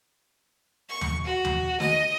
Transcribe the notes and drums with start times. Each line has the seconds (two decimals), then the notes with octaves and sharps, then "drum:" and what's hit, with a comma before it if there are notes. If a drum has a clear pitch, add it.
0.89 C#6
1.01 drum: tom D#2
1.25 F#4
1.45 drum: tom D#2
1.80 D#5, drum: snare